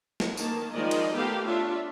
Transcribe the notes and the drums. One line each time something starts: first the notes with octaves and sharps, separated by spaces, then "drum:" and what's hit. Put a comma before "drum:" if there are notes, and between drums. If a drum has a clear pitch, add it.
drum: snare
D#3 A#3 A5, drum: tambourine
D#3 F3 G#3 A#4 D5 D#5
drum: cymbal
A3 B3 G4 A4 A#4 F5
D4 F4 C#5 E5